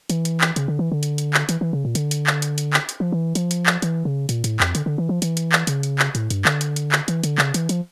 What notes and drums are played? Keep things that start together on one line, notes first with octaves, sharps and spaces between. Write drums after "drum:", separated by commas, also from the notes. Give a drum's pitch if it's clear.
E3, drum: hi-hat
drum: hi-hat
drum: clap
C#3, drum: hi-hat
D3
E3
D3
drum: hi-hat
drum: hi-hat
drum: clap
E3, drum: hi-hat
E3
C#3
A#2
D3, drum: hi-hat
drum: hi-hat
drum: clap
drum: hi-hat
drum: hi-hat
drum: clap
drum: hi-hat
F3
E3
F3, drum: hi-hat
drum: hi-hat
drum: clap
E3, drum: hi-hat
C#3
A#2, drum: hi-hat
A2, drum: hi-hat
F2, drum: clap
D3, drum: hi-hat
D3
E3
F3
E3, drum: hi-hat
drum: hi-hat
drum: clap
C#3, drum: hi-hat
drum: hi-hat
drum: clap
A2, drum: hi-hat
G2, drum: hi-hat
D3, drum: clap
drum: hi-hat
drum: hi-hat
drum: clap
E3, drum: hi-hat
D3, drum: hi-hat
C#3, drum: clap
E3, drum: hi-hat
F3, drum: hi-hat